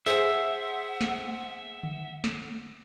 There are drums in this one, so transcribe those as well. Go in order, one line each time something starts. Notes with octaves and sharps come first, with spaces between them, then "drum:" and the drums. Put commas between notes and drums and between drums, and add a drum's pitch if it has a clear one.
G#4 C5 E5 F#5, drum: tambourine
drum: snare
drum: tom D3
drum: snare